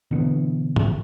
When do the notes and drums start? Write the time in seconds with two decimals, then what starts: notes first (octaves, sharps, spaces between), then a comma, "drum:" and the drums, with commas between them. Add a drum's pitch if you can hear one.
0.11 B2 D3 E3 B3
0.76 drum: tom A2